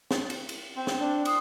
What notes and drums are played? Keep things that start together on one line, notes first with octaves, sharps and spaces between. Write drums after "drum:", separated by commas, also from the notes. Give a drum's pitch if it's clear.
drum: snare
drum: cymbal
drum: cymbal
C4
drum: snare
D4
C6 D#6, drum: cymbal